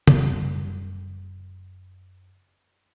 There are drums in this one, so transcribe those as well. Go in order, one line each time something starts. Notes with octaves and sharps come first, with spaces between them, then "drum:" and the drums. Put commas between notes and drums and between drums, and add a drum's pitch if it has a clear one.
F#1 G3, drum: tom